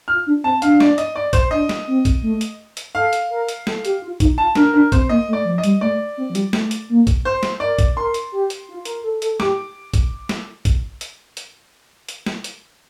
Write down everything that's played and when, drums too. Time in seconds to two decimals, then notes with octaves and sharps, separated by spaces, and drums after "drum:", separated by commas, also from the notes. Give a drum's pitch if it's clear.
0.08 F4 F6
0.27 D4
0.44 C4 A5
0.62 D4 F5, drum: hi-hat
0.80 D5, drum: snare
0.98 D#5, drum: hi-hat
1.16 D5
1.33 C5, drum: kick A#1, hi-hat
1.51 D4 D#5
1.69 drum: snare
1.87 C4
2.05 drum: kick A#1, hi-hat
2.23 A3
2.41 drum: hi-hat
2.77 drum: hi-hat
2.95 A4 F5
3.13 drum: hi-hat
3.30 A#4
3.49 drum: hi-hat
3.67 A4, drum: snare
3.85 G4, drum: hi-hat
4.02 F4
4.20 D#4, drum: kick A#1, hi-hat
4.38 F4 A5
4.55 D4 A#4, drum: snare
4.73 D4 A#4
4.92 C4 C5, drum: kick A#1, hi-hat
5.09 A#3 D#5
5.28 A3
5.33 D5
5.45 F3
5.58 D#5
5.64 G3, drum: hi-hat
5.81 A3 D5
6.17 C4
6.30 F3
6.35 G3, drum: hi-hat
6.53 A3, drum: snare
6.71 drum: hi-hat
6.89 A#3
7.07 drum: kick A#1, hi-hat
7.25 C5
7.43 drum: snare
7.60 A#4 D5
7.79 drum: kick A#1, hi-hat
7.96 A#4 C6
8.14 drum: hi-hat
8.32 G4
8.50 drum: hi-hat
8.69 F4
8.85 A#4, drum: hi-hat
9.03 A4
9.22 A4, drum: hi-hat
9.40 G4 D6, drum: snare
9.94 drum: kick A#1, hi-hat
10.29 drum: snare
10.65 drum: kick A#1, hi-hat
11.01 drum: hi-hat
11.37 drum: hi-hat
12.09 drum: hi-hat
12.26 drum: snare
12.44 drum: hi-hat